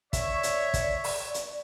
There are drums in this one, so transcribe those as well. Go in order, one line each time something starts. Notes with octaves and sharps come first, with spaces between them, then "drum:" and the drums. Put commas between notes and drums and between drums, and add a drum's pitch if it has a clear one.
C#5 D5 E5, drum: kick, hi-hat
drum: hi-hat
drum: kick, hi-hat
drum: open hi-hat
drum: hi-hat